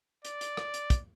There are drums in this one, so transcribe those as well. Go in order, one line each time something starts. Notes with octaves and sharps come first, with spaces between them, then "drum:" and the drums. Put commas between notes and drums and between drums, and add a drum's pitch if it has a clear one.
D5, drum: hi-hat
drum: hi-hat
drum: rim click
drum: hi-hat
drum: kick, hi-hat